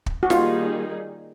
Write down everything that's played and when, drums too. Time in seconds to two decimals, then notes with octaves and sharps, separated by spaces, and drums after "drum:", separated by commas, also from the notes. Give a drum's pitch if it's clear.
0.06 drum: kick
0.23 F#4
0.30 D#3 G3 A#3 D#4 F4 G#4, drum: snare